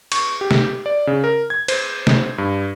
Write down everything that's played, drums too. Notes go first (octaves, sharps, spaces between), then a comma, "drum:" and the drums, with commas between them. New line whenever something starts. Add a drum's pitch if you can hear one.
C#6, drum: cymbal
G4
drum: snare
D5
C#3
A#4
G#6
C5, drum: cymbal
drum: snare
G2